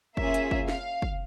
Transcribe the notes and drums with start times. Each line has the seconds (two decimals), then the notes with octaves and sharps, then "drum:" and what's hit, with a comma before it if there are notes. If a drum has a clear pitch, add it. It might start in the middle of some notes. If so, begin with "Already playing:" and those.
0.17 A#3 C#4 F4 G#4 E5, drum: kick
0.34 drum: hi-hat
0.51 drum: kick
0.68 F5, drum: snare
1.02 drum: kick